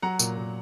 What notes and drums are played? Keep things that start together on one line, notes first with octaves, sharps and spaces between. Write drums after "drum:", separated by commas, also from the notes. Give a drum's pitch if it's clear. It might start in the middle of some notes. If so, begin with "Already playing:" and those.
F#3 F#5 A#5
A#2, drum: tambourine
A#2